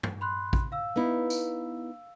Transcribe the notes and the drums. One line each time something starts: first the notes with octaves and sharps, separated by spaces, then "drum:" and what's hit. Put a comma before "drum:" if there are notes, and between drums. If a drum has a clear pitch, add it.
drum: tom
B5 C6 F#6
drum: kick
F5 E6
B3 D#4 E4
drum: tambourine